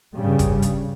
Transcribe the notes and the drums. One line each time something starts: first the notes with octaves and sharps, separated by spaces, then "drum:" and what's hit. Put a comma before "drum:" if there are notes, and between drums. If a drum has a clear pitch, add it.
G2 C#3 G3
drum: kick, hi-hat
drum: hi-hat